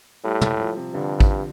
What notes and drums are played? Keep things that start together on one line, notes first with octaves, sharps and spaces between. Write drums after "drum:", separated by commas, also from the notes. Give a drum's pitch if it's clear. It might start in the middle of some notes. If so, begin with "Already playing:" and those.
A2 G3
G3, drum: tom
F3
C3
G2 D3
drum: kick A1